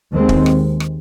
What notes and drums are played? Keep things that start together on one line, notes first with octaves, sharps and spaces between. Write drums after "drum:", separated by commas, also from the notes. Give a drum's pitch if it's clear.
D#2 D#3 G#3 C4
drum: kick
drum: rim click
drum: rim click